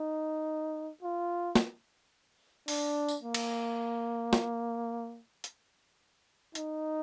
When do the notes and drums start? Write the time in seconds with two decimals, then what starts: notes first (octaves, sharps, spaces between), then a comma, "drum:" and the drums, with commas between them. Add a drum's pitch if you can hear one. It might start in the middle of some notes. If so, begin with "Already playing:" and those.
Already playing: D#4
1.03 F4
1.55 drum: snare
2.68 D4, drum: open hi-hat
3.08 drum: tambourine
3.23 A#3
3.34 drum: cymbal
4.33 drum: snare
5.44 drum: hi-hat
6.55 D#4, drum: hi-hat